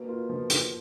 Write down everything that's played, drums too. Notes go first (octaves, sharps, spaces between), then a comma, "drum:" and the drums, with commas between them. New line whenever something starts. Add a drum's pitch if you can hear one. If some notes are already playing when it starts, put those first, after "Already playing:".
Already playing: B2 A#3
F4
F3
F3, drum: hi-hat